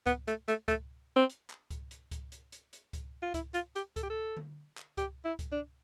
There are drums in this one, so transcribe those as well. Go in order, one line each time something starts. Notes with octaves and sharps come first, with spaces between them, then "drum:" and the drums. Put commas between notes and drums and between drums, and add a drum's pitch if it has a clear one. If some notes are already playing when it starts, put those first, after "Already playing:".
B3, drum: kick C#2, hi-hat
A3, drum: hi-hat
A3, drum: hi-hat
A3, drum: kick C#2, hi-hat
C4
drum: hi-hat
drum: clap
drum: kick C#2, hi-hat
drum: hi-hat
drum: kick C#2, hi-hat
drum: hi-hat
drum: hi-hat
drum: hi-hat
drum: kick C#2, hi-hat
F4
E4, drum: kick C#2, hi-hat
F4, drum: hi-hat
G4, drum: hi-hat
A4, drum: kick C#2, hi-hat
G4
A4
drum: tom D3
drum: clap
G4, drum: kick C#2, hi-hat
E4
drum: kick C#2, hi-hat
D4